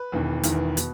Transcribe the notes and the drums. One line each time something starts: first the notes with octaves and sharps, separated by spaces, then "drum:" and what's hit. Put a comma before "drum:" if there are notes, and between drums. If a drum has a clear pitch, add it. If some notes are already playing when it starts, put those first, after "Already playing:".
Already playing: B4
E1 E2 D#3
E1 E2 D#3, drum: hi-hat
B2, drum: hi-hat